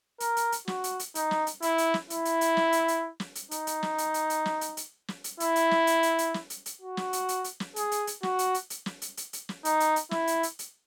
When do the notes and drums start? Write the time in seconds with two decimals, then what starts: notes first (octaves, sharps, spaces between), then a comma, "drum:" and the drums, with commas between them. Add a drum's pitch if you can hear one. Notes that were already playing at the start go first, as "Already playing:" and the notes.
0.20 A#4, drum: hi-hat
0.37 drum: hi-hat
0.52 drum: hi-hat
0.68 F#4, drum: snare
0.84 drum: hi-hat
0.99 drum: hi-hat
1.15 D#4, drum: hi-hat
1.31 drum: snare
1.47 drum: hi-hat
1.62 E4, drum: hi-hat
1.78 drum: hi-hat
1.94 drum: snare
2.10 E4, drum: hi-hat
2.25 drum: hi-hat
2.41 drum: hi-hat
2.57 drum: snare
2.72 drum: hi-hat
2.88 drum: hi-hat
3.20 drum: snare
3.35 drum: hi-hat
3.51 D#4, drum: hi-hat
3.67 drum: hi-hat
3.83 drum: snare
3.98 drum: hi-hat
4.14 drum: hi-hat
4.30 drum: hi-hat
4.46 drum: snare
4.61 drum: hi-hat
4.77 drum: hi-hat
5.08 drum: snare
5.24 drum: hi-hat
5.40 E4, drum: hi-hat
5.56 drum: hi-hat
5.71 drum: snare
5.87 drum: hi-hat
6.03 drum: hi-hat
6.19 drum: hi-hat
6.34 drum: snare
6.50 drum: hi-hat
6.66 drum: hi-hat
6.82 F#4
6.97 drum: snare
7.13 drum: hi-hat
7.29 drum: hi-hat
7.44 drum: hi-hat
7.60 drum: snare
7.76 G#4, drum: hi-hat
7.92 drum: hi-hat
8.07 drum: hi-hat
8.23 F#4, drum: snare
8.39 drum: hi-hat
8.54 drum: hi-hat
8.70 drum: hi-hat
8.86 drum: snare
9.02 drum: hi-hat
9.17 drum: hi-hat
9.33 drum: hi-hat
9.49 drum: snare
9.65 D#4, drum: hi-hat
9.80 drum: hi-hat
9.96 drum: hi-hat
10.11 E4, drum: snare
10.27 drum: hi-hat
10.43 drum: hi-hat
10.59 drum: hi-hat